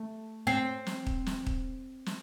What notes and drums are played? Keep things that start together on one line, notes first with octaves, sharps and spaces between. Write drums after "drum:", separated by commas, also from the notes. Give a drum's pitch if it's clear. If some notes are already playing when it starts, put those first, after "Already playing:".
Already playing: A3
C4
drum: snare
drum: kick
drum: snare
drum: kick
drum: snare